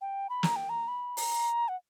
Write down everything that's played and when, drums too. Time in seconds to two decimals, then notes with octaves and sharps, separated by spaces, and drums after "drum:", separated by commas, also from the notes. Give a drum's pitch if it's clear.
0.01 G5
0.30 B5
0.43 A#5, drum: snare
0.56 G5
0.69 A#5
0.88 B5
1.17 A#5, drum: open hi-hat
1.68 F#5